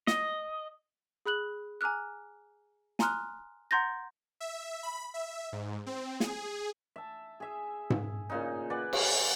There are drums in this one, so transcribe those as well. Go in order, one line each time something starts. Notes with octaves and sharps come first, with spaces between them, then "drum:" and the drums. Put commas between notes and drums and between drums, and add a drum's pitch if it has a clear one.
D#5, drum: snare
G#4 B5 F#6 F#7
G#5 A#5 D6 F6 F#6
G#5 A#5 C6 D#6 F6 F#6, drum: snare
F#5 A#5 C6 G6 A6 A#6
E5
B5
E5
G#2
C4
G#4, drum: snare
E5 A5
G#4 E5
drum: tom G#2
A#2 C#3 D#4
B4 D5 F#5 G#5
drum: cymbal